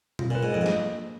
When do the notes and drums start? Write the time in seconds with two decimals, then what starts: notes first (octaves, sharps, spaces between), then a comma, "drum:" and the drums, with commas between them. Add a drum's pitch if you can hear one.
0.19 F4, drum: tom
0.30 A#2 B4
0.43 G#2
0.50 F2 D#5
0.61 G#2
0.66 A#3, drum: snare